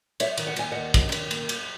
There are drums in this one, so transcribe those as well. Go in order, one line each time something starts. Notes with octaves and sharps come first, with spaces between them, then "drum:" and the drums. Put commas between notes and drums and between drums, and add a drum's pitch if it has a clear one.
F#3 C#5 E5, drum: cymbal
D#3, drum: cymbal
F#5
D#2 G#5, drum: cymbal
D#2 D#5 F#5
F#3, drum: kick, cymbal
D#3, drum: cymbal
A#3, drum: cymbal
F#3, drum: cymbal